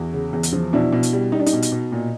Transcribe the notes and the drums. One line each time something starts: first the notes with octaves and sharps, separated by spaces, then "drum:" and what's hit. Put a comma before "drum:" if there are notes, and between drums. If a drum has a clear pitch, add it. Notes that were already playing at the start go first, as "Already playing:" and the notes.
Already playing: E2 E4 F#4
C#3
E2
drum: hi-hat
F3
B2 D4 E4
B2
drum: hi-hat
G3
G3 D#4
D4
D#4, drum: hi-hat
B2
drum: hi-hat
B2
A#2